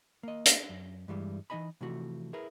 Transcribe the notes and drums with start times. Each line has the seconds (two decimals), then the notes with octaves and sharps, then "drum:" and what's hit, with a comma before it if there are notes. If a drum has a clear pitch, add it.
0.23 A#3 D#5
0.46 drum: hi-hat
0.69 F#2
1.08 G2 E3 G3 G#3
1.50 E3 B3 D#4 D#5 G#5 B5
1.81 C3 E3 F3 A3 F#4
2.33 E4 G#4 A#4 B4